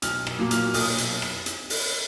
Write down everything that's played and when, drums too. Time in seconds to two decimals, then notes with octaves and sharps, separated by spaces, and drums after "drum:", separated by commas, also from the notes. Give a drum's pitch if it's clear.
0.02 B1 F6, drum: hi-hat
0.27 drum: rim click
0.39 A#2 F#3 A#3
0.51 F6, drum: hi-hat
0.65 F6
0.74 B1 D#6, drum: open hi-hat
0.98 drum: hi-hat
1.22 drum: rim click
1.46 drum: hi-hat
1.70 drum: open hi-hat